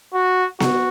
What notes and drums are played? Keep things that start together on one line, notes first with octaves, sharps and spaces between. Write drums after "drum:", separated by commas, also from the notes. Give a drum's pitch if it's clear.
F#4
F#4, drum: snare B3